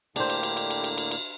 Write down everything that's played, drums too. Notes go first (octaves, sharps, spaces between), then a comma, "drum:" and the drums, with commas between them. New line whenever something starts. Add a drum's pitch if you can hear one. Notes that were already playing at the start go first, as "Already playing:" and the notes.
A2 D3 A#3 D4 G4 C5, drum: cymbal
drum: cymbal
drum: cymbal
drum: cymbal
drum: cymbal
drum: cymbal
drum: cymbal
drum: cymbal